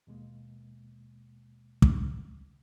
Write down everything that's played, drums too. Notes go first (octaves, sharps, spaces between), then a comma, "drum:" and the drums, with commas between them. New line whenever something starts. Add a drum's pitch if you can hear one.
D#2 B2 G#3 A#3
drum: kick